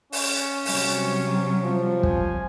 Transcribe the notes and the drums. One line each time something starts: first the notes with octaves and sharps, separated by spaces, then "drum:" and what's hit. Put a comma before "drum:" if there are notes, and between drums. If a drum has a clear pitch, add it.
C#4, drum: open hi-hat
C3 F#3 G3, drum: open hi-hat
F3
G#5, drum: kick